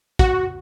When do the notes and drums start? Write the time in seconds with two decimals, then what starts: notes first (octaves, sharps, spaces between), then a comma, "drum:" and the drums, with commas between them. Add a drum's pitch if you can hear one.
0.19 F#4, drum: kick